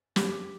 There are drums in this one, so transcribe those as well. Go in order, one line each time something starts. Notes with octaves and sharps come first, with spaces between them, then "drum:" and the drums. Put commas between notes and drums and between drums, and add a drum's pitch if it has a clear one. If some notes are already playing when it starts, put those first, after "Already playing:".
G4, drum: snare